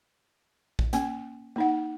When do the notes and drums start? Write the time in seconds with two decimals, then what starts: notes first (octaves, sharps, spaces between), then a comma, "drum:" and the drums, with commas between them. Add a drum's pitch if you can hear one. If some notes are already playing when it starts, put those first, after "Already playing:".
0.79 drum: kick A#1
0.93 A#3 C#4 G#5, drum: hi-hat
1.56 A#3 D#4 F#5